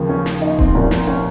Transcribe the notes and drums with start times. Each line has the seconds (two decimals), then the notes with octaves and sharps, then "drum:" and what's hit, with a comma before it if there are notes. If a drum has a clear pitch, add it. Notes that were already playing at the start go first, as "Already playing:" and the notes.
Already playing: D#2 C#3 F3 A#3
0.09 C#4
0.26 drum: snare
0.42 D#4
0.59 C4, drum: kick D#1
0.75 C2 A#2 F3 A#3 C#4
0.91 C4, drum: snare
1.08 C#4